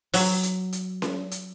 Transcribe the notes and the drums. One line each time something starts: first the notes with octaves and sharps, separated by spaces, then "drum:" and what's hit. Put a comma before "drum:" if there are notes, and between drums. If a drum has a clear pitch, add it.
F#3, drum: open hi-hat
drum: hi-hat
drum: hi-hat
drum: snare C#4
drum: hi-hat